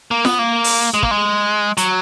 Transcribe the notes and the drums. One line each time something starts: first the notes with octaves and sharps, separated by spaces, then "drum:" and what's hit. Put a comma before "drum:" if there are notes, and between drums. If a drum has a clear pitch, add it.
A#3
B3, drum: snare F4
A#3
drum: open hi-hat
G#3
A#3, drum: kick
G#3
F#3, drum: hi-hat